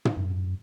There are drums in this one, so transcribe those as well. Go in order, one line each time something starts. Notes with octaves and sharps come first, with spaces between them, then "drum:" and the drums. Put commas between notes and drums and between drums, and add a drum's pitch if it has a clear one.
drum: tom
F#2